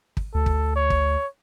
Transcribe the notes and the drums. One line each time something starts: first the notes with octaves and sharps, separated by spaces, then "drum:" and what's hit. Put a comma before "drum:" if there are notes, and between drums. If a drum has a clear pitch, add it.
drum: kick
D2 A4
drum: kick
C#5
drum: kick